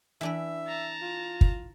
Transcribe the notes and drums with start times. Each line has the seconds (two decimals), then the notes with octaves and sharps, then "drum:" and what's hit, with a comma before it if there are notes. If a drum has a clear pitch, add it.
0.21 E3 D4 B4 E5
0.68 A5 A#5
1.02 F4
1.41 drum: kick